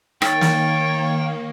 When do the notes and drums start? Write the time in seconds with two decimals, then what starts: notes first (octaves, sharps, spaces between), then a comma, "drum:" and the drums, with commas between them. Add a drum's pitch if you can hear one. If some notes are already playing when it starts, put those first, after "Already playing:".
0.22 D#3 A#3 D#4 C#5 G5 A6, drum: rim click
0.41 drum: snare